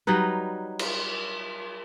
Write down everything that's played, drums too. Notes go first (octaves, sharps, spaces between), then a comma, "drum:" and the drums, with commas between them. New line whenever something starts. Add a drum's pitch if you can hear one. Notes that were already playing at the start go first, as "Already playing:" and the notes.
F#3 G3 D#4 B4
drum: cymbal